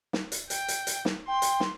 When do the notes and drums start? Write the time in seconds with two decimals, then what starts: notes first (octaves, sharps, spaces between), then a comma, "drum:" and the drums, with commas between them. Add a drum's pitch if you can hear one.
0.13 drum: snare
0.32 drum: hi-hat
0.50 G5, drum: hi-hat
0.68 drum: hi-hat
0.87 drum: hi-hat
1.05 drum: snare
1.27 G5 C6
1.42 drum: hi-hat
1.60 drum: snare